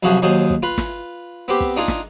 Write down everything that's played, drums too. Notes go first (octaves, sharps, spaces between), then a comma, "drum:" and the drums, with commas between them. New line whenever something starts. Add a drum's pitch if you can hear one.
C2 F#2 F3 F#4 G#4 C5
D#2 F#3 G#4 C5 D#6
drum: kick
F4 B4
drum: snare
B3 C4 G4
drum: kick
D4 D#4 F4 G#4
drum: snare